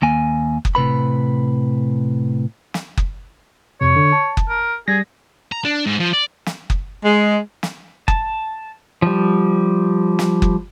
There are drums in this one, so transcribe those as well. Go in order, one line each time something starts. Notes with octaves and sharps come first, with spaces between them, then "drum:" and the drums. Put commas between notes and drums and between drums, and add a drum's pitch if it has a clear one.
D#2 A#3 G#5
drum: kick F#1
A2 C3 B4 B5
drum: snare
drum: kick F#1
F2 C3 C#5
D3
A5
drum: kick F#1
A#4
G3 G#4 A#6
A#5
D4
G#2
F3
D5
drum: snare
drum: kick F#1
G#3
drum: snare
A5, drum: kick F#1
F3 G3
drum: snare
drum: kick F#1